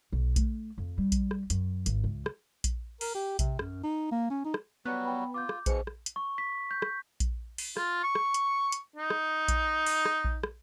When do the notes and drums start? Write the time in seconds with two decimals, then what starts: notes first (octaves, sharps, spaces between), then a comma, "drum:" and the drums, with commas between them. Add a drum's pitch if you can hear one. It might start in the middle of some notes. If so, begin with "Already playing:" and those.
0.13 B1
0.36 A3, drum: kick A#1, hi-hat
0.78 F2
0.98 G3
1.12 drum: kick A#1, hi-hat
1.31 drum: rim click
1.50 F#2, drum: hi-hat
1.86 G#1, drum: hi-hat
2.04 C#2
2.26 drum: rim click
2.64 drum: kick A#1, hi-hat
3.01 A#4, drum: open hi-hat
3.15 G4
3.39 C3, drum: kick A#1, hi-hat
3.59 F#2, drum: rim click
3.83 D#4
4.11 A#3
4.30 C#4
4.45 D#4
4.54 drum: rim click
4.86 F#3 G3 B3 F#4 F#6
5.06 G5 B5
5.34 F4 D6 G6
5.49 drum: rim click
5.66 B2 E3 G#4 C5 C#7, drum: kick A#1, hi-hat
5.87 drum: rim click
6.06 drum: hi-hat
6.16 C#6
6.38 B6
6.71 G6
6.82 drum: rim click
7.20 drum: kick A#1, hi-hat
7.58 drum: open hi-hat
7.77 F4, drum: rim click
8.04 C#6
8.15 drum: rim click
8.34 drum: hi-hat
8.72 drum: hi-hat
8.96 D#4
9.10 drum: rim click
9.48 drum: kick A#1, hi-hat
9.86 drum: open hi-hat
10.05 drum: rim click
10.24 drum: kick A#1
10.44 drum: rim click